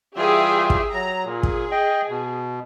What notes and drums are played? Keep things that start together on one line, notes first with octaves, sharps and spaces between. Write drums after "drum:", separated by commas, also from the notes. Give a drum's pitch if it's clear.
E3 G3 F4 G4 G#4 E5
drum: kick
F#3 A#5
A#2 G#4
drum: kick
D#5 G5
B2